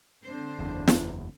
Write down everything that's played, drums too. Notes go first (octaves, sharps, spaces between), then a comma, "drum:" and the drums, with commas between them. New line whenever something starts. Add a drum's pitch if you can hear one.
D3 C4 D4 C5
F#1 E2
drum: snare